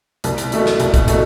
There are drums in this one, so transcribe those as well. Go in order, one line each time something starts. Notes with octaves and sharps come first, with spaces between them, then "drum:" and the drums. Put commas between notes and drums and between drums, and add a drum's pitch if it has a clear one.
C2, drum: hi-hat
drum: hi-hat
B2 A3, drum: hi-hat
drum: snare
C2, drum: hi-hat
drum: kick, hi-hat
B2 A3, drum: hi-hat